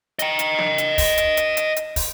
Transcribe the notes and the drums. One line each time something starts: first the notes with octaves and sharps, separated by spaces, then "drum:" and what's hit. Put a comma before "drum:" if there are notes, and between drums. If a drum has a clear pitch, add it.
D#5 G5, drum: hi-hat
drum: hi-hat
drum: snare
drum: hi-hat
drum: kick, open hi-hat
drum: hi-hat
drum: hi-hat
drum: hi-hat
drum: hi-hat
drum: kick, open hi-hat